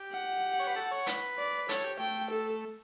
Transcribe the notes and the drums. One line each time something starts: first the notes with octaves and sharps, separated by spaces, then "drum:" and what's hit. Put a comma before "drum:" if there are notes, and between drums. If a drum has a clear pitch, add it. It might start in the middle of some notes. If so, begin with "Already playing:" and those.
Already playing: G4
F#5
C#5
B4
A4
C#5
B4, drum: hi-hat
D5
A4 C#5, drum: hi-hat
G4
A3 G5
A4